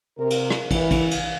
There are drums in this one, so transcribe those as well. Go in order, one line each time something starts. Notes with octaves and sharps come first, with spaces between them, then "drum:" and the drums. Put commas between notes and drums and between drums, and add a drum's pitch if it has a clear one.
C3 A#4
drum: cymbal
drum: rim click
E3, drum: kick, cymbal
drum: kick, cymbal
drum: cymbal